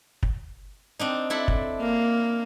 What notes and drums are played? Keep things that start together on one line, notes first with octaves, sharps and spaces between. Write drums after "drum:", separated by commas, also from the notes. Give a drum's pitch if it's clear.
drum: kick
C4 D4 D#4
D4 E4 A4
drum: kick
A#3